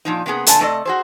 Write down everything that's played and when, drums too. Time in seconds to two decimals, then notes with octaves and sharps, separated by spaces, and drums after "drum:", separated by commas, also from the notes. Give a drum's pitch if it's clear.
0.05 A#2 F3 D#4
0.26 C3 A#3 B3 G#4
0.47 A#2 D3 G#5 A5, drum: hi-hat
0.60 C3 A3 A4 D5 D#5
0.85 F#4 G#4 C5